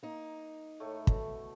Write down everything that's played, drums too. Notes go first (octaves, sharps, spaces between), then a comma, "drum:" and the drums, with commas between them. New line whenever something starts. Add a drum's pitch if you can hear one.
A#3 D#4
A2 A3 E4
B2 A4, drum: kick